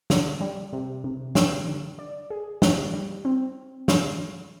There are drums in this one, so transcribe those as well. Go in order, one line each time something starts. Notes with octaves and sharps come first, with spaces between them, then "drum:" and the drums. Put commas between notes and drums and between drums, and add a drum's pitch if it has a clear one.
D3, drum: snare
G3
C3
C3
G4, drum: snare
D3
D5
G#4
G3, drum: snare
G3
C4
drum: snare